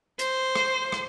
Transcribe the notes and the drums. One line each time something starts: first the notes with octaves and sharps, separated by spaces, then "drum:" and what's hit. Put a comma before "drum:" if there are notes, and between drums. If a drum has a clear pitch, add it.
C5, drum: hi-hat
drum: rim click
drum: rim click